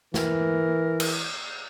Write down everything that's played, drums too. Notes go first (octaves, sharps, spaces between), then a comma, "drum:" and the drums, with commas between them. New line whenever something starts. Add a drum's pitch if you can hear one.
E3 A#4, drum: snare
drum: cymbal